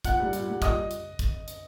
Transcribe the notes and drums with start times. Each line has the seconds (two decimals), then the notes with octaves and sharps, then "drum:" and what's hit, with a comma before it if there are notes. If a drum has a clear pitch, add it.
0.05 A#2 F#5 F#6, drum: kick, hi-hat
0.20 G3
0.33 A#2, drum: hi-hat
0.47 G3
0.62 A#2 D#5 D#6, drum: kick, hi-hat
0.91 drum: hi-hat
1.19 drum: kick, hi-hat
1.48 drum: hi-hat